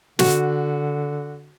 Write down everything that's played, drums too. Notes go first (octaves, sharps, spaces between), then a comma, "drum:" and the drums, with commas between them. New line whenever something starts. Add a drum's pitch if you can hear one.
D3 F#4, drum: snare